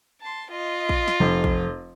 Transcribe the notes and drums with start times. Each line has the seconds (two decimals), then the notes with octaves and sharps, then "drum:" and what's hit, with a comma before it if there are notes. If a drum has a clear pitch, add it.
0.22 A5 C6
0.53 F4 D#5
0.89 drum: kick
1.08 drum: snare
1.20 F1
1.44 drum: kick